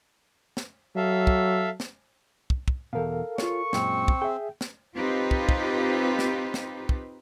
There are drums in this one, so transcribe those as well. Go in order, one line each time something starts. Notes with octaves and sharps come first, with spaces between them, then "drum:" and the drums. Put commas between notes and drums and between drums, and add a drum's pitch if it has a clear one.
drum: snare
F#3 A4 E5 F5
drum: kick
drum: snare
drum: kick
drum: kick
E2 B2 A4 A#4 F5
F4 G#4 C#5 C#6, drum: snare
F#2 A#2 G#3 C4, drum: snare
drum: kick
G#4 E5 G5
drum: snare
C4 D#4 F4 G4 B4
drum: kick
drum: kick
drum: snare
drum: snare
drum: kick